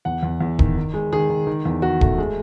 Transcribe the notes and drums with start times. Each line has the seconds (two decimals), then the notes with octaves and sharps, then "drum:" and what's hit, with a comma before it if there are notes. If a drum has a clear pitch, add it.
0.05 E2 F#5
0.23 E2
0.41 E2
0.59 D#3, drum: kick
0.77 D#3
0.94 G#3
1.12 D#3 G#4
1.30 D#3
1.47 D#3
1.65 E2
1.82 D#3 F#4
2.01 A3, drum: kick
2.18 G#3